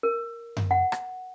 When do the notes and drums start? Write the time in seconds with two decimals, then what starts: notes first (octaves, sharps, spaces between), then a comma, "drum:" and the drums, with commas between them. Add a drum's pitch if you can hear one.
0.03 A#4
0.57 drum: tom F#2
0.71 F#5
0.92 drum: rim click